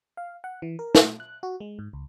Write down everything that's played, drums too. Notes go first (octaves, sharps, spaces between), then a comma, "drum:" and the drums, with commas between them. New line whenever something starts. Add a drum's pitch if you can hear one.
F5
F#5
E3
A#4
A3, drum: snare
F#6
F#4
G#3
G#2
C#2